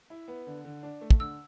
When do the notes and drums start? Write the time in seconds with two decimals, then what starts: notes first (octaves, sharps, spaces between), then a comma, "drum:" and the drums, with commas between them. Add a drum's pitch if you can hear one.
0.10 E4
0.28 B3
0.47 D3
0.65 D3
0.83 D4
1.01 A3
1.10 drum: kick
1.20 D3 E6